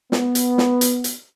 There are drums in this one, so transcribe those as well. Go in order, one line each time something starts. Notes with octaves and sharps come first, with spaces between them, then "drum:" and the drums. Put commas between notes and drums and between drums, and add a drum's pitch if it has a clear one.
B3, drum: snare
drum: hi-hat
drum: snare
drum: hi-hat
drum: hi-hat